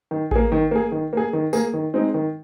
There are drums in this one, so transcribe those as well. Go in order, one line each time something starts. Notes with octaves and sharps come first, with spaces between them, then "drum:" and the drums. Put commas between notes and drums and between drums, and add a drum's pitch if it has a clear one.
D#3
A#3 G#4, drum: kick A1
D#3
A#3 G#4
D#3
A#3 G#4
D#3
A#3 G#4, drum: tambourine
D#3
G#3 C4 D#4
D#3